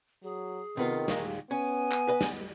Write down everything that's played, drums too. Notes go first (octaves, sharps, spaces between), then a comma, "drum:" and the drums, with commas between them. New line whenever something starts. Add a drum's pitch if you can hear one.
F#3 G#4
C3 D#3 B3 F4
D#2 A#2 G#3, drum: snare
B3 C#4 G#5
drum: clap
B4 D#5
drum: snare